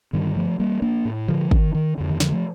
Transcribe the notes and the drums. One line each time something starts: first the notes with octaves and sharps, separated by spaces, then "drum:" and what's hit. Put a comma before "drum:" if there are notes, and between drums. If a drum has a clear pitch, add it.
G2 D3 D#3 G3
F3 A3
G3 A#3
A#3 D4
A2
D3 F3
D#3, drum: kick
D#3
F2 D3
D#3
D3 F3, drum: snare
F3 A3